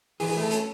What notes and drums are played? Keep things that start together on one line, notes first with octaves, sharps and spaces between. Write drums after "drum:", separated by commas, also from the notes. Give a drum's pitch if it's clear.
E3 G#4, drum: open hi-hat
G#4
A3 A4
C#4 A4, drum: hi-hat